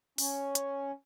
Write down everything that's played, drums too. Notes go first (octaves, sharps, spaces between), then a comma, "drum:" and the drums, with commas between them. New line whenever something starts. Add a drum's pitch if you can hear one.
C#4, drum: open hi-hat
drum: hi-hat